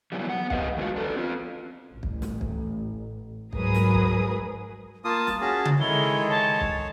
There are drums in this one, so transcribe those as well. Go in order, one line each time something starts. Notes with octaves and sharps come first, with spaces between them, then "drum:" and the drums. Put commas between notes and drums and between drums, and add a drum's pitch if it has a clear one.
B2 E3 F#3 G3
B3 F#5
G4 B4 D#5 F5 F#5, drum: kick
D#3 G#3 F4 F#4
D4 A4 B4
C4 F4
A1
drum: kick
drum: snare
drum: kick
G#2 F#3 G#4 A#4 B4 D#6, drum: kick
drum: snare
drum: kick
A#3 F4 A5 D#6
drum: snare
C#4 F#4 G#4 A5
drum: tom C#3
D#3 G#3 E4 A4 C#5 G7
C#5 A5
drum: kick